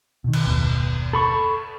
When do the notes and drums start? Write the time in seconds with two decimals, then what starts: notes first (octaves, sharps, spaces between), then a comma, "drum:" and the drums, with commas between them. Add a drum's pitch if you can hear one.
0.24 B2 D#3
0.33 drum: cymbal
0.47 F#1 D#2 B2
1.13 A4 B5 C#6